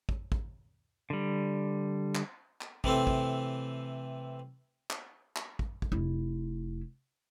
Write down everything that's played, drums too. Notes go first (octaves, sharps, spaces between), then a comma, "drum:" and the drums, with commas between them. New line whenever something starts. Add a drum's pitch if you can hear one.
drum: kick
drum: kick
D3 G3
drum: clap
drum: clap
C3 E3 A3 C4, drum: kick
drum: kick
drum: clap
drum: clap
drum: kick
drum: kick
F1 E4